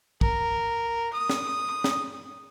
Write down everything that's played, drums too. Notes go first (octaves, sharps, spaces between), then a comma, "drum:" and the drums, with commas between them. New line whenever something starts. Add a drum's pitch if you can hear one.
A#4, drum: kick
D#6
drum: snare
drum: snare